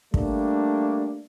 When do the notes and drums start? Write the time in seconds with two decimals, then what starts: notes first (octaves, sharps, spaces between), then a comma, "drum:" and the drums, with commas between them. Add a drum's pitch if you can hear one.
0.14 G3 A3 A#3 D4, drum: kick